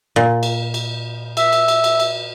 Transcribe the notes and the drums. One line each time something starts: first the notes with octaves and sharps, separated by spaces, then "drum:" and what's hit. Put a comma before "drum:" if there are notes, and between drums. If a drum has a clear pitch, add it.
A#2
drum: cymbal
drum: cymbal
E5, drum: cymbal
drum: cymbal
drum: cymbal
drum: cymbal
drum: cymbal